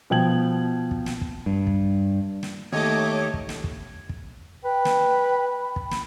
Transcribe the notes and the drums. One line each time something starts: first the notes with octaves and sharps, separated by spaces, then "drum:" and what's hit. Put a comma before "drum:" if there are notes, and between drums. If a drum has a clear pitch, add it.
B2 F3 G5 G#6 F#7
drum: kick
drum: snare
drum: kick
G2
drum: kick
drum: snare
D#2 A3 C#5 D#5 D6 G#6
drum: kick
drum: snare
drum: kick
drum: kick
B4 G5
drum: snare
B5
drum: kick
drum: snare